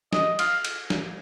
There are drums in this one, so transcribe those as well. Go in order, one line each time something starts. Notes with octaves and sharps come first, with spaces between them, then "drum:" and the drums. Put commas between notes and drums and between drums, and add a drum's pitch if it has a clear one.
D#5, drum: snare
F5, drum: cymbal
drum: cymbal
drum: snare